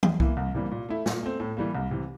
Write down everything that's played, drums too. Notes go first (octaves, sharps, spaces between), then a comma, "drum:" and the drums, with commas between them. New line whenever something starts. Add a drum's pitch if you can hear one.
E2, drum: tom E3
E3 A#3 E4, drum: kick C2
C2
C3 E3 G3 A#3
A#2
A3 E4
A#2, drum: snare
A3 C4
A2
E3 G3 A#3
C2
C3 E3